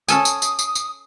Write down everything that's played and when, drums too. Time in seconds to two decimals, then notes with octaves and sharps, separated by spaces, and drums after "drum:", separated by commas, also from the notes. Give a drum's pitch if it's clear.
0.08 C#4 A4 G#5 D#6, drum: tambourine
0.25 drum: tambourine
0.42 drum: tambourine
0.59 drum: tambourine
0.75 drum: tambourine